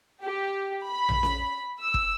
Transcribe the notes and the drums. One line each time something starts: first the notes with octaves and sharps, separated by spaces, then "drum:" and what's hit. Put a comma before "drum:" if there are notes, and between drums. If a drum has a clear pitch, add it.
G4
B5
drum: tom A#1
drum: snare C#4
E6
drum: kick